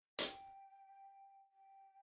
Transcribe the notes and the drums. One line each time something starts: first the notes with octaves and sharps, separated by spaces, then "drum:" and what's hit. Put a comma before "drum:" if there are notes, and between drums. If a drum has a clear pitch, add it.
G5, drum: hi-hat
G5